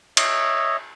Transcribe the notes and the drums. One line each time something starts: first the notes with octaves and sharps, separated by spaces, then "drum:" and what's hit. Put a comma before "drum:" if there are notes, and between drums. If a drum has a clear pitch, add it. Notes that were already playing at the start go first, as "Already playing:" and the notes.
C#5 D#5 E5, drum: cymbal